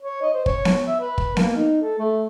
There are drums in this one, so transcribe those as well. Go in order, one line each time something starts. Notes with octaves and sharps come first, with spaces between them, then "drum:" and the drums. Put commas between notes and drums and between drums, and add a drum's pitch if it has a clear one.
C#5
D#5
C5
C#5, drum: kick
drum: snare B3
E5
B4
drum: kick
A#3, drum: snare B3
D#4
A4
A3